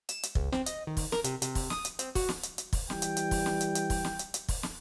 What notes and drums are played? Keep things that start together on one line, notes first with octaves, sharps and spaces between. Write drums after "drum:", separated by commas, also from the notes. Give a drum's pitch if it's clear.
E7, drum: hi-hat
drum: hi-hat
C#2, drum: kick
C4, drum: snare
D#5, drum: hi-hat
D#3
drum: kick, open hi-hat
A#4, drum: snare
C3, drum: hi-hat
C3, drum: hi-hat
drum: kick, open hi-hat
D#6, drum: snare
drum: hi-hat
C4, drum: hi-hat
F#4, drum: kick, open hi-hat
drum: snare
drum: hi-hat
drum: hi-hat
drum: kick, open hi-hat
E3 G3 G5, drum: snare
drum: hi-hat
drum: hi-hat
drum: kick, open hi-hat
drum: snare
drum: hi-hat
drum: hi-hat
drum: kick, open hi-hat
drum: snare
drum: hi-hat
drum: hi-hat
drum: kick, open hi-hat
drum: snare